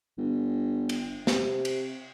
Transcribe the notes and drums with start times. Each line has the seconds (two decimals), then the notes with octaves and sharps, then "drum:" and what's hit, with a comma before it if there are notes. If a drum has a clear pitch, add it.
0.18 G1
0.89 drum: cymbal
1.27 C3, drum: snare
1.65 drum: cymbal